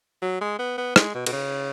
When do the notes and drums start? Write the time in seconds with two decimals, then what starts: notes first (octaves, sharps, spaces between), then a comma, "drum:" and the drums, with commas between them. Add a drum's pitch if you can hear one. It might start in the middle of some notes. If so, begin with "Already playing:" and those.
0.22 F#3
0.41 G#3
0.59 B3
0.77 B3
0.96 G#3, drum: rim click
1.14 B2
1.26 B2, drum: cymbal
1.33 C#3